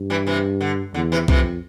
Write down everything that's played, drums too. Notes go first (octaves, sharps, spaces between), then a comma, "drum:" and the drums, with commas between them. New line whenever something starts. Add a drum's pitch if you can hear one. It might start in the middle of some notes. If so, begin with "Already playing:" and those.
Already playing: G2
E3 G3
C3 E3
D3
E2 D3
C3 E3
F2 C3 E3, drum: kick